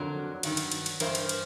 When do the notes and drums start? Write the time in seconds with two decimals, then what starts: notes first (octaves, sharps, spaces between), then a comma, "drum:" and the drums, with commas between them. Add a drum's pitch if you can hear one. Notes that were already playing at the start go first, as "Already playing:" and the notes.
Already playing: F2 D3 F#3 A#4
0.43 G2 D#3 F#3, drum: cymbal
0.57 drum: cymbal
0.72 drum: cymbal
0.86 drum: cymbal
1.00 G2 E3 A#4 C5, drum: cymbal
1.15 drum: cymbal
1.29 drum: cymbal